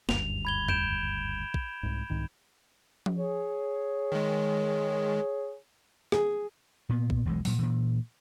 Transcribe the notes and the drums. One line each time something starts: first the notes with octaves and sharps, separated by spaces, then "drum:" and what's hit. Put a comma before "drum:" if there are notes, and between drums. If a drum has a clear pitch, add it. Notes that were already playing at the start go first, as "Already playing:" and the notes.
F#1 D2 G2 F7, drum: snare
B5 G#6 G7
G6 D7 E7, drum: tom E2
drum: kick
C2 G#2
C2 G#2 D#3
drum: tom F3
G#4 C#5
D#3 G#3
G#4, drum: rim click
A#2 B3
drum: kick
E1 B1 E3 G#3
A#2 F#3, drum: open hi-hat
A#2 E3